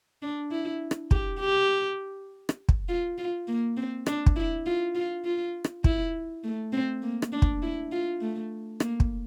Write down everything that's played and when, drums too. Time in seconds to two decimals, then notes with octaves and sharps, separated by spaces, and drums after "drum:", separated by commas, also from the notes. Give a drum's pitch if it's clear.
0.22 D4
0.51 E4
0.91 drum: rim click
1.11 G4, drum: kick
1.40 G4
2.49 drum: rim click
2.69 drum: kick
2.88 F4
3.18 F4
3.48 A#3
3.77 C4
4.06 D4, drum: rim click
4.26 drum: kick
4.36 E4
4.66 F4
4.95 F4
5.24 F4
5.64 drum: rim click
5.84 E4, drum: kick
6.44 A3
6.73 C4
7.02 A#3
7.22 drum: rim click
7.32 D4
7.42 drum: kick
7.62 E4
7.92 F4
8.21 A3
8.80 A#3, drum: rim click
9.00 drum: kick